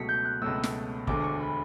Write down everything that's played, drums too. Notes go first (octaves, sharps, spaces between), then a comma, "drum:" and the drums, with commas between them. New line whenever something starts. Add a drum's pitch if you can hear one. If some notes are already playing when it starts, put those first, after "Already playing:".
Already playing: C#2 B2 F#3 A3 B6 C#7
G6
F#6
C#2 B2 F#3 A3 E6
drum: snare
E1 D2 D3 D6, drum: kick
C#6
B5